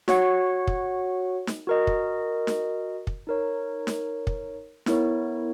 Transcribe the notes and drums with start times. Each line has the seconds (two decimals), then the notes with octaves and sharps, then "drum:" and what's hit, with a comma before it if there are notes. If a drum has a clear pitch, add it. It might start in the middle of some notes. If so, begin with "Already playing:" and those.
0.08 F#4 C#5 F#5, drum: snare
0.67 drum: kick
1.47 drum: snare
1.67 F#4 A#4 D#5
1.87 drum: kick
2.47 drum: snare
3.07 drum: kick
3.27 D#4 A#4 C#5
3.87 drum: snare
4.27 drum: kick
4.86 B3 E4 A#4 C#5, drum: snare